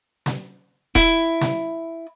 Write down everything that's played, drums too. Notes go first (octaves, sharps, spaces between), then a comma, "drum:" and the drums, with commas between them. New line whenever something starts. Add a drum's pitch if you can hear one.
drum: snare
E4, drum: kick D#1
drum: snare